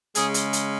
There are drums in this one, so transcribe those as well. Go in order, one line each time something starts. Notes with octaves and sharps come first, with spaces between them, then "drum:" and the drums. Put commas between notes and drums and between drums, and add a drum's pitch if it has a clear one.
C#3 G#3 G#4, drum: hi-hat
drum: hi-hat
drum: hi-hat